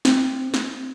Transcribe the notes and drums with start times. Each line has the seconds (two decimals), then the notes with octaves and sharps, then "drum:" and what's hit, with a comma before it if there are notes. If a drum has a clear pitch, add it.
0.05 C4, drum: snare
0.54 drum: snare